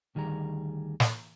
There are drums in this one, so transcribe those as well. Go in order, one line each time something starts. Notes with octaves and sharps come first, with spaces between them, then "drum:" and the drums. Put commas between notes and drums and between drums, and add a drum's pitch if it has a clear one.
D2 D#3 G3 G#4 A#5
drum: snare